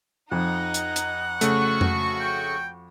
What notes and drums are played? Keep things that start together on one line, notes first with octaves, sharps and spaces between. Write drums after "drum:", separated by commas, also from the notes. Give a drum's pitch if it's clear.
F2 D#4 F#5
drum: hi-hat
drum: hi-hat
C#3 A3 F#4 C#6, drum: hi-hat
drum: tom F2
G5